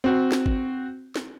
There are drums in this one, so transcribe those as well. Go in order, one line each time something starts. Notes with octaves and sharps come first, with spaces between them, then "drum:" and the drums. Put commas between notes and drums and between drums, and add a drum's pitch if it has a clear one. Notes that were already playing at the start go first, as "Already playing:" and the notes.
C4 F#4
drum: snare
drum: kick
drum: snare